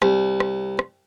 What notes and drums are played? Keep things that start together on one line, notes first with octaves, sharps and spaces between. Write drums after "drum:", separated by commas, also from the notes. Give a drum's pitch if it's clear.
C2, drum: rim click
drum: rim click
drum: rim click